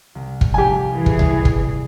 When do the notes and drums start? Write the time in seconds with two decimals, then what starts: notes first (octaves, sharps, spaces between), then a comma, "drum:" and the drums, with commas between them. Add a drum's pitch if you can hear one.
0.15 C2
0.41 drum: kick
0.54 F3 G3 G4 G#5
0.93 E3 G#4
1.06 drum: kick
1.19 drum: tom C2
1.45 drum: kick